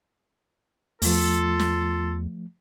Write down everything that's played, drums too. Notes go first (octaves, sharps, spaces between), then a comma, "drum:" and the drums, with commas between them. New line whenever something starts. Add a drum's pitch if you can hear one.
E2 F3 A3 F4 A4, drum: open hi-hat
drum: snare